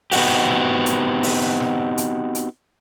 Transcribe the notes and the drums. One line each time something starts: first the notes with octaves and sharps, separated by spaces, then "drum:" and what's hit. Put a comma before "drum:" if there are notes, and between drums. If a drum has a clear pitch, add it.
B3 C4 D#4 F#4 G4, drum: open hi-hat
drum: snare
drum: hi-hat
drum: open hi-hat
drum: snare
drum: hi-hat
drum: hi-hat